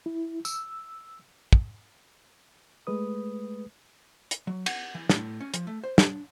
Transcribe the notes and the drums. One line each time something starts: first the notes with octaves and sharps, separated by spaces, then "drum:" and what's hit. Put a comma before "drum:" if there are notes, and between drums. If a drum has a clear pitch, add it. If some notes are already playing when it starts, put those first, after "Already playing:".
E4
E6, drum: tambourine
drum: kick
G#3 A3 B4 D#6
drum: hi-hat
F#3
F#5, drum: cymbal
E3
A2, drum: snare
C#4
F3, drum: hi-hat
A3
C5
D4, drum: snare